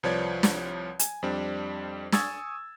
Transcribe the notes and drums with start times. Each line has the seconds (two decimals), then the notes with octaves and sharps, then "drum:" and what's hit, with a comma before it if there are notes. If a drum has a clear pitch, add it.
0.03 C2 F3 B4 C#5 D5 G#6
0.43 drum: snare
0.99 G#5, drum: hi-hat
1.23 F2 G3 C4 D4
2.12 G#5 C#6 D#6 E6 G#6 A6, drum: snare